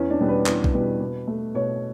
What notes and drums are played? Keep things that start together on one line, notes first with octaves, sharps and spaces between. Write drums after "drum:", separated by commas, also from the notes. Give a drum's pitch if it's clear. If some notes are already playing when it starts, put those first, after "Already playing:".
Already playing: E2 C#4
D4
B2 G3 B3
B4
E2, drum: clap
drum: kick B1
B2 G3 B3
B2
A3
B2 C#5